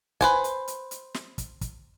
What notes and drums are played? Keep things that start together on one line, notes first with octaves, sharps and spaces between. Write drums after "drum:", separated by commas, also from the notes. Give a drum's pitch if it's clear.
B4 C5 G#5, drum: kick, hi-hat
drum: hi-hat
drum: hi-hat
drum: hi-hat
drum: snare
drum: kick, hi-hat
drum: kick, hi-hat